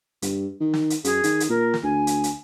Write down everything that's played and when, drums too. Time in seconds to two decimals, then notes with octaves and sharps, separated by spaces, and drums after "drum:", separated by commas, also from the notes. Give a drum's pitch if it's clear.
0.22 G2, drum: hi-hat
0.61 D#3
0.74 drum: snare
0.90 drum: hi-hat
1.04 F#2 G#4, drum: hi-hat
1.24 D#3, drum: hi-hat
1.40 drum: hi-hat
1.50 A#2 A#4
1.74 drum: snare
1.84 D2 G#5
2.07 drum: hi-hat
2.24 drum: hi-hat